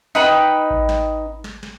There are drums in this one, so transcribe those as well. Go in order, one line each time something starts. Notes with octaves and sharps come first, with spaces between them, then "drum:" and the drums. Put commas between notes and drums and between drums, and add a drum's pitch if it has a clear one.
D#4 B4 G5 B5, drum: snare
drum: kick A1
drum: snare
drum: snare
drum: snare